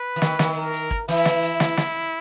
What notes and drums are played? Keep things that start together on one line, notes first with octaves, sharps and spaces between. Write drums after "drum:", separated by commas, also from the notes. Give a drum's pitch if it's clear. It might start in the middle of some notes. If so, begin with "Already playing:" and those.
Already playing: B4
E3
D#3, drum: snare
D#3, drum: snare
A#4
drum: hi-hat
drum: kick
E3 E4, drum: hi-hat
drum: snare
drum: hi-hat
drum: snare
drum: snare